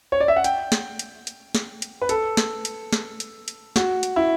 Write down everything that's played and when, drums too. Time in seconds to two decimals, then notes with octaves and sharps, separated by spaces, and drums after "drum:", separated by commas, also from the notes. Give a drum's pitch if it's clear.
0.12 C#5
0.20 D5
0.28 E5
0.36 F#5
0.44 G5, drum: hi-hat
0.72 drum: snare
0.99 drum: hi-hat
1.27 drum: hi-hat
1.55 drum: snare
1.82 drum: hi-hat
2.02 B4
2.09 A4, drum: hi-hat
2.37 drum: snare
2.65 drum: hi-hat
2.93 drum: snare
3.20 drum: hi-hat
3.48 drum: hi-hat
3.76 F#4, drum: snare
4.03 drum: hi-hat
4.16 E4